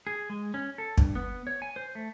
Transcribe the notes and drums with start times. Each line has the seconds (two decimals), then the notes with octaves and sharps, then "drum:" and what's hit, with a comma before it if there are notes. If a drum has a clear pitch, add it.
0.07 G#4
0.30 G#3
0.54 C#4
0.78 A4
0.98 G2, drum: kick
1.15 B3
1.47 C#5
1.62 G#5
1.76 C5
1.95 A3